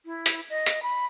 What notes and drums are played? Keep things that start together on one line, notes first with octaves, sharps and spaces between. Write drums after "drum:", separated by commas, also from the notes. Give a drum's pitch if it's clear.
E4
drum: hi-hat
D#5
drum: hi-hat
B5